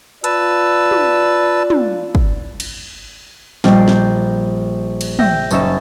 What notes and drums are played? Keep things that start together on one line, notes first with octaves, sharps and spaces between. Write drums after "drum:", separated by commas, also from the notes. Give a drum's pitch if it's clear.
F4 B4 D5 A5 E6, drum: hi-hat
drum: tom
drum: tom
drum: kick
drum: cymbal
A#1 G3 D#5 G5 C7, drum: snare
G6, drum: snare
drum: cymbal
E5 G5 G6 A#6, drum: tom
F#1 C#4 D#4 E5 A6 E7, drum: tambourine